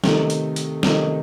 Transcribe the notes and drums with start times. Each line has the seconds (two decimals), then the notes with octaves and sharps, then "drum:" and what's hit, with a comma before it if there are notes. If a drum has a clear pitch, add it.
0.04 C3 D#3 A3 D#4, drum: snare
0.30 drum: hi-hat
0.56 drum: hi-hat
0.83 C3 D#3 A3 D#4, drum: snare